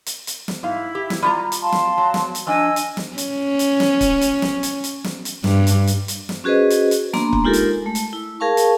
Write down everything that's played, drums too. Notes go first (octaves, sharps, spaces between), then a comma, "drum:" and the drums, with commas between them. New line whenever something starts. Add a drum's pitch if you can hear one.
drum: hi-hat
drum: hi-hat
drum: snare
G#2 E4 F5
G4
drum: snare
G3 F4 A#5
drum: hi-hat
F5 A5 C6
drum: snare
F#3
drum: snare
drum: hi-hat
F3 D4 D#5 G#5 E6
drum: hi-hat
drum: snare
C#4, drum: hi-hat
drum: hi-hat
drum: snare
drum: kick, hi-hat
drum: hi-hat
drum: snare
drum: hi-hat
drum: hi-hat
drum: snare
drum: hi-hat
G2, drum: snare
drum: hi-hat
drum: hi-hat
drum: hi-hat
drum: snare
C#4 F#4 G#4 B4 C5 D#5
drum: hi-hat
drum: hi-hat
A#3 B3 D4 A#5 C6, drum: snare
drum: kick
G#3 D#4 F4 G4 A4 A#4
drum: hi-hat
G#3 A3
drum: hi-hat
E4
G#4 A#4 F5 A5 C#6
drum: hi-hat